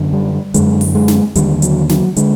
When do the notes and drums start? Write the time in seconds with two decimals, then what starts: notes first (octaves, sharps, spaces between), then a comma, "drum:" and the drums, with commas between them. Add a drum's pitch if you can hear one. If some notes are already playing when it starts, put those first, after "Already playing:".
Already playing: F#2 D3
0.13 G3
0.54 F#2 D3 G#3, drum: hi-hat
0.81 drum: open hi-hat
0.95 G#3
1.08 drum: snare
1.35 D#2 D3 G3, drum: hi-hat
1.62 F#3, drum: hi-hat
1.89 F#3, drum: snare
2.16 D3 G#3, drum: hi-hat